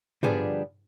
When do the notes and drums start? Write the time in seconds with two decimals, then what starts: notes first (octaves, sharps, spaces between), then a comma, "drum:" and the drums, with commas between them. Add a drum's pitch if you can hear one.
0.23 D3 F3 G3 B3 D4 G#4, drum: tom